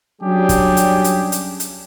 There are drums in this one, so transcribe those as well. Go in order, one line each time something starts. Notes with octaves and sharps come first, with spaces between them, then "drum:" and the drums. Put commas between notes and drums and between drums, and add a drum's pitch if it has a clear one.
F#3 G3 C#4 D4 G4 G#4
drum: kick, hi-hat
drum: hi-hat
drum: hi-hat
drum: hi-hat
drum: hi-hat